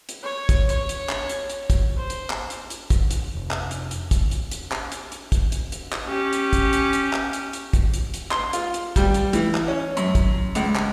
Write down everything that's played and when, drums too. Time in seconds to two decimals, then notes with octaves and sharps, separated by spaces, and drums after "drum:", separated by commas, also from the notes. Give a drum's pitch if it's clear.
0.09 drum: hi-hat
0.23 C#5
0.49 drum: kick, hi-hat
0.69 C#5, drum: hi-hat
0.89 drum: hi-hat
1.09 drum: clap
1.29 drum: hi-hat
1.50 drum: hi-hat
1.70 drum: kick, hi-hat
1.97 C5
2.10 drum: hi-hat
2.30 drum: clap
2.50 drum: hi-hat
2.70 drum: hi-hat
2.90 drum: kick, hi-hat
3.11 drum: hi-hat
3.35 F1
3.51 drum: clap
3.71 drum: hi-hat
3.91 drum: hi-hat
4.11 drum: kick, hi-hat
4.31 drum: hi-hat
4.51 drum: hi-hat
4.72 drum: clap
4.92 drum: hi-hat
5.12 drum: hi-hat
5.32 drum: kick, hi-hat
5.52 drum: hi-hat
5.72 drum: hi-hat
5.92 drum: clap
6.05 C#4 G4
6.33 drum: hi-hat
6.53 drum: kick, hi-hat
6.73 drum: hi-hat
6.93 drum: hi-hat
7.13 drum: clap
7.33 drum: hi-hat
7.53 drum: hi-hat
7.73 drum: kick, hi-hat
7.94 drum: hi-hat
8.14 drum: hi-hat
8.31 C6, drum: clap
8.53 F4, drum: hi-hat
8.74 drum: hi-hat
8.96 G3, drum: kick, hi-hat
9.14 drum: hi-hat
9.33 E3, drum: hi-hat
9.55 drum: clap
9.68 C#4
9.97 F#2, drum: hi-hat
10.15 drum: kick, hi-hat
10.55 C#2, drum: hi-hat
10.75 drum: clap